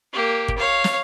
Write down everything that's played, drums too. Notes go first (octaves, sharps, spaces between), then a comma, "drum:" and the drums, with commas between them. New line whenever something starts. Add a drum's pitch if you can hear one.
A#3 G4
drum: kick
C#5 F5
drum: snare